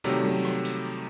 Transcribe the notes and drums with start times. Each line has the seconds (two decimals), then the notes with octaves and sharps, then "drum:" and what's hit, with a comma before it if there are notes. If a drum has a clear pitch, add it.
0.04 C3 D#3 F#3 G3 A3, drum: hi-hat
0.24 drum: tom F#3
0.45 drum: rim click
0.65 drum: hi-hat